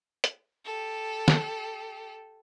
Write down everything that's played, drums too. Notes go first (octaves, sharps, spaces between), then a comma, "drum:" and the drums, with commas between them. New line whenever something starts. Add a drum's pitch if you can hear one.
drum: hi-hat
G4 A4
drum: snare